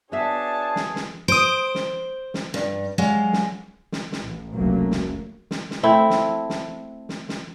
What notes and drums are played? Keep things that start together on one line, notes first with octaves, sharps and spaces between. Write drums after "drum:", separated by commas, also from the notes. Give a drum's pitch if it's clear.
B3 D4 F#4 G#4 C#5 E5 A5
drum: snare
drum: snare
C5 D#6 D7
drum: snare
drum: snare
G2, drum: snare
F#3 G#3 F5
drum: snare
drum: snare
drum: snare
A1
F1 C#2 C#3 F#3 A3 A#3
drum: snare
drum: snare
drum: snare
A3 C4 E4
drum: snare
drum: snare
drum: snare
drum: snare